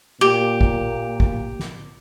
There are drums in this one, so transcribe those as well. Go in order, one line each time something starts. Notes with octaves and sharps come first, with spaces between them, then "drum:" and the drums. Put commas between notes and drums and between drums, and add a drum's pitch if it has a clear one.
A#2 A#3 G4
drum: kick
drum: kick
drum: snare